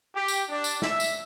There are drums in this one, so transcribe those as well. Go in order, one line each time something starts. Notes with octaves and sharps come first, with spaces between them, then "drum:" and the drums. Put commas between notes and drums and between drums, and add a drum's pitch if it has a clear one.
G4
drum: tambourine
D4
drum: tambourine
E5, drum: snare
drum: tambourine